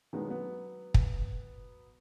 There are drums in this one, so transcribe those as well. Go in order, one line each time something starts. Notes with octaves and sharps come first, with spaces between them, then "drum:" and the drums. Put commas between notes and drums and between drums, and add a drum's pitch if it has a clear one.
D#3 F#3 G#3 B3 C#4 D4
F#3 B3
drum: kick